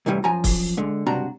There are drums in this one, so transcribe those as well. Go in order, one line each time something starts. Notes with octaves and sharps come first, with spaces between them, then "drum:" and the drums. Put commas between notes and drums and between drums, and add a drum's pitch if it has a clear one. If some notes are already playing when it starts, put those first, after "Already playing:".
C2 F#2 A2 E3 G3
F#2 F3 G#5 A#5
drum: kick, open hi-hat
D3 G#3
C#2 G2 C3 D4 F#4 A#5